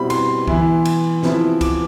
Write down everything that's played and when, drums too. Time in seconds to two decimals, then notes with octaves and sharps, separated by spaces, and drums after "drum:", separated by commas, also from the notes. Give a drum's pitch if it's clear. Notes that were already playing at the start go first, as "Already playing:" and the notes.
Already playing: B2 G3 C4 E4 B5
0.10 C6, drum: cymbal
0.48 E3 B3 E4, drum: kick C#2
0.85 drum: cymbal
1.23 C3 F3 B3 E4, drum: snare
1.61 D6, drum: kick C#2, cymbal